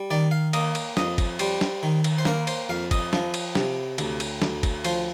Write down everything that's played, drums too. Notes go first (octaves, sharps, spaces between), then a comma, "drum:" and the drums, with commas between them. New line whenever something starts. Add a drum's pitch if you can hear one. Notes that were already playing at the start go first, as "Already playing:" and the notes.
Already playing: G3
D#3 D5
F5
A#3 D#5, drum: cymbal
drum: cymbal
F2 D#5, drum: snare
drum: kick, cymbal
G3 C5, drum: cymbal
drum: snare
D#3
drum: cymbal
C5
A#3 A#4, drum: snare
C5, drum: cymbal
F2 F5
D#5, drum: kick, cymbal
F3, drum: snare
drum: cymbal
C3, drum: snare
D2, drum: cymbal
drum: cymbal
D2, drum: snare
drum: kick, cymbal
F3 C5, drum: cymbal